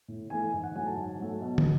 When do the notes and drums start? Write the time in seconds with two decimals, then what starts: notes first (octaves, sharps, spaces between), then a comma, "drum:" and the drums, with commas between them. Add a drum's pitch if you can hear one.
0.08 A2
0.30 E3 A3 G#5
0.53 G#2
0.64 F#5
0.75 F#3 A3 G#5
0.86 A5
0.97 G#2
1.20 F#3 A3
1.42 B2
1.58 drum: tom